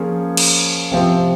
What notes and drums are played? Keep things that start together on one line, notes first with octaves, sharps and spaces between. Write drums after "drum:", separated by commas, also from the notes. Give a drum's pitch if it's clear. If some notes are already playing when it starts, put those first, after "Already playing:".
Already playing: F3 A#3 C#4 G#4
drum: cymbal
C3 F3 C4